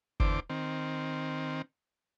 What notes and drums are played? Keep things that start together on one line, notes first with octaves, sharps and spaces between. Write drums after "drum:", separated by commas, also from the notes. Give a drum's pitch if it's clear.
E2 D3 C5 D6, drum: kick F#1
D#3 C4